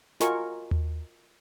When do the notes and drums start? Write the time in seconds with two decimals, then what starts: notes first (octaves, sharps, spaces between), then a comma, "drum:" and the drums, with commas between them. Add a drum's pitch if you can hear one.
0.20 F4 F#4 A#4 D#5 G#5 C#6, drum: snare
0.71 drum: tom D#2